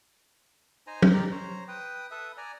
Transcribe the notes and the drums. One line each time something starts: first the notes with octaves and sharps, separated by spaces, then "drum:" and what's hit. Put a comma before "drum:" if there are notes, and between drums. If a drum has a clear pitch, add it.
D#4 C5 G#5 A#5
drum: tom
D#4 G4 D5 A#5
C5 C#5 A#5
B4 G5 D#6
A4 B4 E5 D#6
D5 G#5 A#5